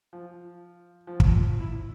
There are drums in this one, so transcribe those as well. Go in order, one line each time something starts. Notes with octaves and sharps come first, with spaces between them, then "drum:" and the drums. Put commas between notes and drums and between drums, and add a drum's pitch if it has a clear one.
F3
F3
drum: kick
E4